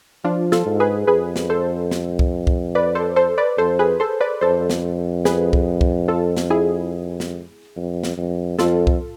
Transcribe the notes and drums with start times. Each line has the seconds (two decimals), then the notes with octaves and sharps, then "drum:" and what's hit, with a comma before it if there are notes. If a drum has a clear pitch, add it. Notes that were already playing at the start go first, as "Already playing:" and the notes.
0.24 F3 D4 F4
0.52 F4 A4, drum: snare
0.66 G#2
0.80 G#4 B4
1.07 F2 G#4 B4
1.36 drum: snare
1.50 A4 C5
1.91 drum: snare
2.19 drum: kick C2
2.47 drum: kick C2
2.75 B4 D5
2.95 A4 C5
3.16 A4 C5
3.38 B4 D5
3.58 F2 A4 C5
3.79 G#4 B4
4.00 A4 C5
4.21 B4 D5
4.41 F2 A4 C5
4.70 drum: snare
5.25 G#4 B4, drum: snare
5.53 drum: kick C2
5.81 drum: kick C2
6.08 F4 A4
6.37 drum: snare
6.50 E4 G#4
7.20 drum: snare
7.76 F2
8.04 drum: snare
8.17 F2
8.59 F2 F4 A4, drum: snare
8.87 drum: kick C2